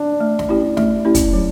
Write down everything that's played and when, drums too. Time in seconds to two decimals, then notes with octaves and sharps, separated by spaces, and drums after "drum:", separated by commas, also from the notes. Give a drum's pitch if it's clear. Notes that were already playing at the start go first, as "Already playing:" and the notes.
Already playing: D4
0.21 A3
0.39 drum: snare
0.49 C#4 E4 G4
0.77 A3, drum: snare
1.05 C#4 E4 G4
1.15 drum: kick, hi-hat
1.33 F#3